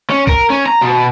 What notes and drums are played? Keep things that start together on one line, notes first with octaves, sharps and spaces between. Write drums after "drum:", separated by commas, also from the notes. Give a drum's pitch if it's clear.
C#4
A#4, drum: kick A#1
C#4
A#5
B2